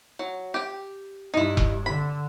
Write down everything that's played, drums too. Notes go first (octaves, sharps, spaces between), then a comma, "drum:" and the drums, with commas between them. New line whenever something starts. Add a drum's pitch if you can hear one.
F#3
G4 G5
G2 D#4 E4
drum: kick E1
D3 B5